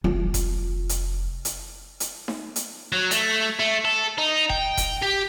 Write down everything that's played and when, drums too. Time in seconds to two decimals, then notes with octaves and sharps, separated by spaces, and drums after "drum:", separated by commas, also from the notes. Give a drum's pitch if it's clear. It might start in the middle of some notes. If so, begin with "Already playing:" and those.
0.04 F1 F4
0.34 drum: kick F1, hi-hat
0.89 drum: hi-hat
1.45 drum: hi-hat
2.00 drum: hi-hat
2.28 drum: snare D#4
2.56 drum: hi-hat
2.92 F#3
3.11 A3, drum: hi-hat
3.60 A3
3.85 A4
4.18 D#4
4.50 G5, drum: kick F1
4.77 drum: kick F1, hi-hat
5.02 G4